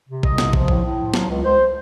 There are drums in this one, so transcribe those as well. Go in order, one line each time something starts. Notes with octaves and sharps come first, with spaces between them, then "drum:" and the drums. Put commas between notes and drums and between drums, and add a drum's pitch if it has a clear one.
C3
C2 D#5, drum: kick
C3, drum: snare
F3, drum: kick
A2, drum: kick
A2
F3
F#3 F5, drum: snare
C#2
C#2 C5